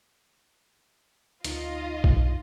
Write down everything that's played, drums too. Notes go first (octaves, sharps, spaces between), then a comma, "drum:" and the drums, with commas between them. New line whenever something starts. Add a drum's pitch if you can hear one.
D2 D#4 F4 D#5, drum: hi-hat
drum: kick